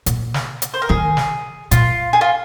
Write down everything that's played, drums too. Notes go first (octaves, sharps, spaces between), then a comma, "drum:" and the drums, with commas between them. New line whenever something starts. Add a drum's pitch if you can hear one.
A#2, drum: hi-hat
drum: snare
drum: hi-hat
C5
A#4
D#3 G#4
drum: snare
A#2 F4, drum: hi-hat
G#4
F4